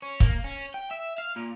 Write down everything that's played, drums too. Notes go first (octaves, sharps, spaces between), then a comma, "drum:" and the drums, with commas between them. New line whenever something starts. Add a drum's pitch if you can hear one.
C#4
A#3, drum: kick
C#4
G5
E5
F5
A#2